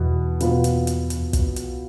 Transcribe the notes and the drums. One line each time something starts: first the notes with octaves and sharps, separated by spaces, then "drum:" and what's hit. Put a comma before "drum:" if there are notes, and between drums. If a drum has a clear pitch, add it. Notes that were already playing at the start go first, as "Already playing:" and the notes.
Already playing: E2 B2 B3
B2 B3 F4 B4, drum: hi-hat
drum: hi-hat
drum: hi-hat
drum: hi-hat
drum: kick, hi-hat
drum: hi-hat